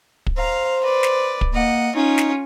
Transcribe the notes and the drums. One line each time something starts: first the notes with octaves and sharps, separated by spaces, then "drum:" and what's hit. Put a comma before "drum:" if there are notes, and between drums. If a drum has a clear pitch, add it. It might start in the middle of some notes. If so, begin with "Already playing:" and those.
drum: kick
C5 F5 A#5
B4 D5
drum: snare
drum: kick
A#3 D#5 F#5
C#4 D#4 F4
drum: snare